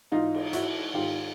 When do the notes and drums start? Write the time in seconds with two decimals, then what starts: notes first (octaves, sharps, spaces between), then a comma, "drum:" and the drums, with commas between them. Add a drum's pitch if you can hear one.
0.12 G#2 E3 D#4 F4
0.35 drum: cymbal
0.53 E4 F#4, drum: hi-hat
0.94 G#2 D#3 F4 G4